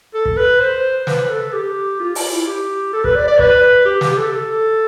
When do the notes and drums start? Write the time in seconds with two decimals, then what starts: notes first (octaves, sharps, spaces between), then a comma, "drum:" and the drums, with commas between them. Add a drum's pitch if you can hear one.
0.14 A4
0.25 drum: kick
0.37 B4
0.60 C5
1.07 B4, drum: snare
1.29 A4
1.53 G4
2.00 F4
2.15 F4, drum: open hi-hat
2.31 E4
2.47 G4
2.93 A4
3.04 B4, drum: kick
3.15 D5
3.28 D5
3.39 B4, drum: kick
3.85 G4
4.01 G4, drum: snare
4.17 A4
4.32 A4